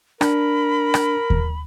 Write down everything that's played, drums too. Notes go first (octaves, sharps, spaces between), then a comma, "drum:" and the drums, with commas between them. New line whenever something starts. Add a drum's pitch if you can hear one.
D4 A#4 B5, drum: rim click
drum: rim click
drum: kick D#2